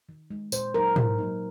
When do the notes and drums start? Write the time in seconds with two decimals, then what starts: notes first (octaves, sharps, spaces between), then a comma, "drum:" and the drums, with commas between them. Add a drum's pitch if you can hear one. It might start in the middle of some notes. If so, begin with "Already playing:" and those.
0.09 D#3
0.30 G#3 D#4
0.52 A#2 C5, drum: tambourine
0.74 F#3 A#3 D#4 A#4
0.96 A#2 A#4, drum: tom
1.18 F#3 A#3 D#4